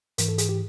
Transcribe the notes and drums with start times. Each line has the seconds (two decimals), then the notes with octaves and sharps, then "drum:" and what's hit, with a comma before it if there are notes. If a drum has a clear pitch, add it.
0.18 G#2 E3 A#4, drum: hi-hat
0.28 A4
0.38 G#4, drum: hi-hat
0.49 G4